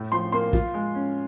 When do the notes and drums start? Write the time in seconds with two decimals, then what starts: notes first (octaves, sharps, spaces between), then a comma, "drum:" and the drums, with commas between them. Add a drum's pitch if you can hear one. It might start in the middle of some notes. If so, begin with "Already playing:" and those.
Already playing: A2
0.12 F3 C6
0.32 A#3 C6
0.53 F4, drum: kick
0.74 G#3
0.95 C#4